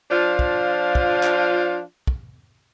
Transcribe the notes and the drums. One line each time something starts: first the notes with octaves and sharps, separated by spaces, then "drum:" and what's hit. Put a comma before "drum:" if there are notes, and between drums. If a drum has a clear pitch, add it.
F3 D4 F4
drum: kick
drum: kick
drum: clap
drum: kick